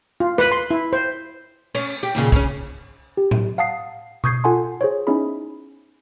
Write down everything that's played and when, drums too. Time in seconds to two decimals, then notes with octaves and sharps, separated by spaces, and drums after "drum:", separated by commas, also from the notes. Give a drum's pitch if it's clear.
0.20 F4
0.38 B4, drum: snare
0.52 C6
0.71 E4, drum: hi-hat
0.93 C5, drum: hi-hat
1.75 C#4, drum: cymbal
2.03 G4
2.15 D#2 A#2 C#3
2.32 C#3 C#4, drum: kick
3.17 G4
3.31 drum: tom A2
3.58 F5 F#5 A5 D#6 C7
4.24 C#6 D#6 G6 G#6 C7, drum: tom B2
4.44 F4 A4 F#5 G#5 A5 C6
4.81 G#4 C5 C#5
5.07 B3 C#4 D#4 E4 G#4 B5